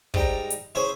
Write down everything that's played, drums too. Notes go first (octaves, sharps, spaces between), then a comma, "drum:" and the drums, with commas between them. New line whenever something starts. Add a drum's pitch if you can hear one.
G#2 G3 G5 A#5, drum: kick
drum: hi-hat
C#4 E4 G#4 C5 C#5